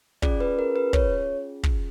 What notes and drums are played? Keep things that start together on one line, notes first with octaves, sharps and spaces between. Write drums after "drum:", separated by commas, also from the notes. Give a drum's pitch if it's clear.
C#4 F4 G#4 D5, drum: kick
B4
A#4
B4
C#5, drum: kick
drum: kick